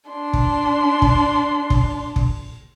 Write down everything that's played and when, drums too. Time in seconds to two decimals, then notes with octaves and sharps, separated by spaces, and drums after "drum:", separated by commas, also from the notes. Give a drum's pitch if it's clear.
0.11 D4 C6
0.33 drum: kick
1.02 drum: kick
1.70 drum: kick
2.16 drum: kick